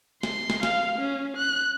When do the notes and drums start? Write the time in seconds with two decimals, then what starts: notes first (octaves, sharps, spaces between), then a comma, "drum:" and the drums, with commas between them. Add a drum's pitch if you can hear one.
0.23 C6, drum: snare
0.50 drum: snare
0.63 F5, drum: snare
0.98 C#4
1.37 F#6